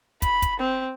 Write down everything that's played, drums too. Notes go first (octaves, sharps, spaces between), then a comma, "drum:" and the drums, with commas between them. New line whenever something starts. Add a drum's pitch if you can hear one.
B5, drum: kick, hi-hat
drum: kick, hi-hat
C4